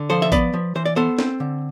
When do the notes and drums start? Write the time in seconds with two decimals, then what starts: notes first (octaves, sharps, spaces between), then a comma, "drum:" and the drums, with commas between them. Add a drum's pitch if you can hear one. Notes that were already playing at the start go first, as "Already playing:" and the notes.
Already playing: D3
0.10 F3 A4 C5
0.22 E5
0.32 B3 B4 D5, drum: kick A1, tambourine
0.54 F3
0.75 E3 C5
0.85 D5
0.96 B3 A4 C5
1.19 C4, drum: snare
1.40 D3